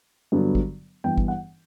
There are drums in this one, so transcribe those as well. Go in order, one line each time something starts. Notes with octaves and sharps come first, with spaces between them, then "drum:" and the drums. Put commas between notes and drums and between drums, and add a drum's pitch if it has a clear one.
G2 D3 F#3 B3 D4
drum: kick
G2 E3 B3 G5
drum: kick
F#5